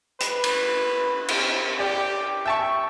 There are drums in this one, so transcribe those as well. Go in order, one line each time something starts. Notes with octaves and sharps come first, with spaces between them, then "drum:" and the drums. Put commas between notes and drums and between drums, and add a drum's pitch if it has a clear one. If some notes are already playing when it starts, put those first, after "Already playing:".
B4, drum: hi-hat
drum: cymbal
C4, drum: cymbal
G4 D5 G5
E5 G5 A5 C#6